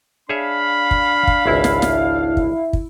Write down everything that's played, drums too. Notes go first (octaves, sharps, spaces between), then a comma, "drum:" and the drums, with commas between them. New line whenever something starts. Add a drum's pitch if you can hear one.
D4 G#4 C#5 E5 F5 B5
drum: kick
drum: kick
G#1 C#2 E4
drum: snare
drum: snare
drum: kick
drum: kick